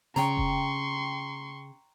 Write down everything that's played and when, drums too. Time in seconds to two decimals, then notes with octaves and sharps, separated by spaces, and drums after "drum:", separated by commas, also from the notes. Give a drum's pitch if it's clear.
0.16 C#3 G5 A#5 C6 C#6, drum: snare
0.37 drum: kick F1